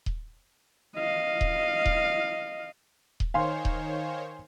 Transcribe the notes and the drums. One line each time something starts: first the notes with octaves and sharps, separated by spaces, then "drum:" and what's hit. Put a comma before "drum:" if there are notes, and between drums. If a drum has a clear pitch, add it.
drum: kick D#1
D#5 F5
drum: kick D#1
drum: kick D#1
drum: kick D#1
D#3 C5 C#5 F5 G#5 C6
drum: kick D#1